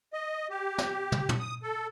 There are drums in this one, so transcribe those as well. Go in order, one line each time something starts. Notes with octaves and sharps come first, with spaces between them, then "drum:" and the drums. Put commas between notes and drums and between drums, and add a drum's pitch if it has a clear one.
D#5
G4
drum: snare
drum: tom
drum: tom
D#6
A4